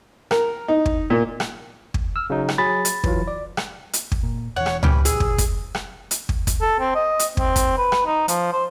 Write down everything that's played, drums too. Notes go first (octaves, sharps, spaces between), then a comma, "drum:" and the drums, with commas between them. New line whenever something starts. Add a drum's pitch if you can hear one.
A#4, drum: rim click
D#4
drum: kick
A#2
drum: rim click
drum: kick
E6 F6
C#3 F#3 D#4
drum: rim click
F#3 G#4 G#5 B5 A6
drum: hi-hat
E3 F#3 F4, drum: kick
D5
drum: rim click
drum: hi-hat
drum: kick
A#2
E1 E2 C#5 F#5
drum: rim click
E3 C#4 G4 B5, drum: tom C#2
D#1 A#1 G#4 E6, drum: hi-hat
drum: kick
drum: kick, hi-hat
drum: rim click
drum: hi-hat
drum: kick
drum: kick, hi-hat
A4
C4
D#5
drum: hi-hat
C4, drum: kick
drum: kick, hi-hat
B4
drum: rim click
D#4
F3, drum: hi-hat
C5